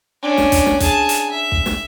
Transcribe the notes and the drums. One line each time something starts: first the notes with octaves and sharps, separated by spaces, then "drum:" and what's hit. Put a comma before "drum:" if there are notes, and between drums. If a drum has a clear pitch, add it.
C#4 D4
drum: snare
drum: kick, hi-hat
drum: snare
G#4 A5, drum: kick, hi-hat
drum: hi-hat
E5
drum: kick
drum: snare